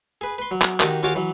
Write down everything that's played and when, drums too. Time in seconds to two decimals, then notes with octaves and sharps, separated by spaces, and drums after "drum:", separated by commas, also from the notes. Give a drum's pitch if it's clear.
0.21 G#4 B4
0.38 B4 C6
0.51 F#3
0.62 drum: clap
0.80 D#3 F#4 G4, drum: clap
1.03 D#2 F4 F#4 G#4 C#5 D6
1.16 E3 F#3